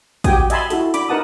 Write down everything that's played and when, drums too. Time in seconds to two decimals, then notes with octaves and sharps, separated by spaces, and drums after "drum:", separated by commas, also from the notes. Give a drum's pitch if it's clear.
0.24 F#4 G4 G5 G#5 D#6, drum: kick, hi-hat
0.50 D#5 E5 G#5 A5 B5 C6, drum: hi-hat
0.70 E4 F#4 A4, drum: hi-hat
0.94 D4 B5 D6, drum: hi-hat
1.09 D#4 A#4 B4 F#5 A5 D#6